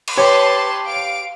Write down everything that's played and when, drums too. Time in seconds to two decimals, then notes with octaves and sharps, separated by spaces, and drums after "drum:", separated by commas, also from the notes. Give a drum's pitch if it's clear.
0.08 drum: cymbal
0.18 G4 B4 C#5 A5 C6
0.87 F5 D7